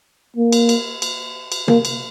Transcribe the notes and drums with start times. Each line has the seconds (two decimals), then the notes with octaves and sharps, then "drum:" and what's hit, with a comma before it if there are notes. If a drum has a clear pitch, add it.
0.36 A#3
0.52 drum: cymbal
0.69 drum: cymbal
1.02 drum: cymbal
1.52 drum: cymbal
1.68 A#3, drum: tom
1.85 drum: cymbal